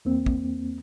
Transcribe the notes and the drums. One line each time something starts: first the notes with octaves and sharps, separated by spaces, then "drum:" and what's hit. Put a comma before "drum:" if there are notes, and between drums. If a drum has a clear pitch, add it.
E2 A#3 C4
drum: kick